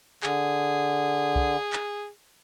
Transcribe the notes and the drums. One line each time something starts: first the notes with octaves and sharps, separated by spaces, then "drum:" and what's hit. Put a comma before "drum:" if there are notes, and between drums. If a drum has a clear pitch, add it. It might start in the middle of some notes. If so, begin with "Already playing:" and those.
D3 G#4, drum: clap
drum: kick B1
drum: clap